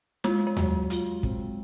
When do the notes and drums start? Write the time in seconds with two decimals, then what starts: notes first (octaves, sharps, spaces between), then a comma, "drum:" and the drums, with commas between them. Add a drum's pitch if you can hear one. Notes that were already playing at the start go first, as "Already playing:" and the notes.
0.24 G#3 F4, drum: snare
0.47 G#3
0.57 F#3, drum: tom D#2
0.90 F4, drum: hi-hat
1.23 C4, drum: kick